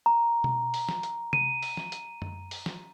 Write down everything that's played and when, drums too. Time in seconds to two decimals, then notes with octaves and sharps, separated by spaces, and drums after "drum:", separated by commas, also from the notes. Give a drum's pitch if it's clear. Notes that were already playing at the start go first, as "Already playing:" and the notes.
0.06 A#5
0.44 drum: tom B2
0.74 drum: open hi-hat
0.89 drum: snare
1.03 drum: hi-hat
1.33 D#7, drum: tom C3
1.63 drum: open hi-hat
1.77 drum: snare
1.92 drum: hi-hat
2.22 drum: tom F#2
2.51 drum: open hi-hat
2.66 drum: snare